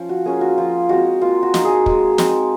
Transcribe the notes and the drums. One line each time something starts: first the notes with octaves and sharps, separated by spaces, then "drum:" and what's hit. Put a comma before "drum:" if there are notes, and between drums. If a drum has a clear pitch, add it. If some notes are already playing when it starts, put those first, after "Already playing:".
Already playing: F3 C#4
F#4
A#3 C#4 F4 G#4
F#4
F3 F4
G#3 C4 F#4
A#3 F4
F#4
D#4, drum: snare
G#4
G#3, drum: kick
C4 D#4, drum: snare